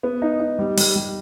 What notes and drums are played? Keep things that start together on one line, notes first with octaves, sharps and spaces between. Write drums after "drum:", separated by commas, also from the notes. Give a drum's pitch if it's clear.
B3
D#4
D#4
G3
G3, drum: open hi-hat
G3